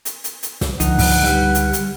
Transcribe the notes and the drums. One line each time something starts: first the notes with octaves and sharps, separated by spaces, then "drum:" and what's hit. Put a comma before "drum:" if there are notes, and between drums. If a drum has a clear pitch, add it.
drum: hi-hat
drum: hi-hat
drum: hi-hat
drum: snare
C#2 D3 F3 D#4 F#5, drum: hi-hat
drum: kick, open hi-hat
G3 D#4 B4
drum: hi-hat
drum: hi-hat